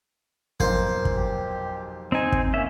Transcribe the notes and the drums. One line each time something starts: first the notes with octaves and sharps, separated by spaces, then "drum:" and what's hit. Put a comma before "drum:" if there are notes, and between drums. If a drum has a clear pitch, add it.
B1 F2 A#3 C5, drum: kick
drum: kick
G4
C4 D#4 G#5
drum: kick
A#3 C#4 E5